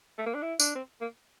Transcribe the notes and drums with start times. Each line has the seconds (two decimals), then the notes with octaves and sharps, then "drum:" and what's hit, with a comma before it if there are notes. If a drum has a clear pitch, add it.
0.18 A3
0.26 A#3
0.34 D4
0.42 E4
0.60 D4, drum: tambourine
0.75 C4
1.01 A#3